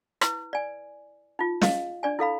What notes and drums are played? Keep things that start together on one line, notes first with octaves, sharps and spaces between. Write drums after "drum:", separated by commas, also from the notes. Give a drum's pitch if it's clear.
E4 B4, drum: rim click
D5 G#5
D#4 F4
D#5 F5, drum: snare
D4 D5 G#5
E4 A4 F5 B5